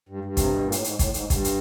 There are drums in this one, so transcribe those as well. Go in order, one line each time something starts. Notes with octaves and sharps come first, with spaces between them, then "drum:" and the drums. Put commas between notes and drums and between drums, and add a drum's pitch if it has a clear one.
G2
G2
C3, drum: kick, hi-hat
B2
A#2
A2, drum: hi-hat
G#2, drum: hi-hat
A2, drum: kick, hi-hat
G#2, drum: hi-hat
G2, drum: kick, hi-hat
drum: hi-hat